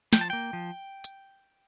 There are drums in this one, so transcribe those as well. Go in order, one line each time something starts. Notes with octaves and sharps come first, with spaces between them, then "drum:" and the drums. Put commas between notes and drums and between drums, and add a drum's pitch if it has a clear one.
F3 G5, drum: snare
A5
A#3 G5
F3
drum: hi-hat